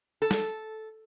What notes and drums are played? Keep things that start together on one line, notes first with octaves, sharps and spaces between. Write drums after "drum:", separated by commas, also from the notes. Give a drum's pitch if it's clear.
A4
drum: snare